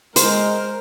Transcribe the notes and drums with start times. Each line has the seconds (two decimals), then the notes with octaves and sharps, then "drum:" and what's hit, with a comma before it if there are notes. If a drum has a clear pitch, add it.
0.16 G#3 A#4 C5, drum: hi-hat